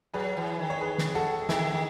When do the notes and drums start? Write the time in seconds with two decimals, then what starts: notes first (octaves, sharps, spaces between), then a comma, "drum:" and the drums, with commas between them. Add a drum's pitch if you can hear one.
0.14 F#3 G#4 B4
0.37 E3
0.59 D#3
0.70 C#5
0.81 G#4 B4
0.98 drum: snare
1.15 F#4 A4
1.49 D#3 E4 G#4, drum: snare
1.72 D#3